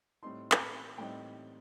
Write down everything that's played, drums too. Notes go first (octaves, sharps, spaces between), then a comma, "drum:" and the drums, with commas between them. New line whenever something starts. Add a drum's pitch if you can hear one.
A2 G3 C4 D#4 C6
A5, drum: clap
B5
A2 G3 C4 D#4 G5